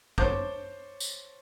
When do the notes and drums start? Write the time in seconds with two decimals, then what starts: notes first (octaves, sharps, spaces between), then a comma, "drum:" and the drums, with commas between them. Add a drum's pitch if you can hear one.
0.18 C5 C#5 A5 D6 G6, drum: kick
1.00 drum: tambourine